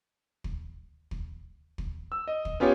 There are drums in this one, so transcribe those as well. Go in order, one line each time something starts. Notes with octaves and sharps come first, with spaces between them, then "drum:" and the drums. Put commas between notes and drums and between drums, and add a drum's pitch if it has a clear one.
drum: kick
drum: kick
drum: kick
E6
D#5
drum: kick
B3 C#4 F4 G4 C#5